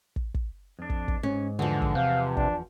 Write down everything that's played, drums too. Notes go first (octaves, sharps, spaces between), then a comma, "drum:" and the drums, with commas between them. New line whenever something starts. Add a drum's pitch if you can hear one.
drum: kick
drum: kick
F2 D4
drum: kick
drum: kick
G#2 C#4
E2 D3 F3
drum: kick
C3 B4 C5 F5
D4, drum: kick